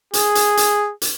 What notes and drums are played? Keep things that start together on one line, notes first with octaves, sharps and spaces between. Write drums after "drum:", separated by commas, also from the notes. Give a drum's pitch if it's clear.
G#4, drum: hi-hat
drum: hi-hat
drum: hi-hat
drum: hi-hat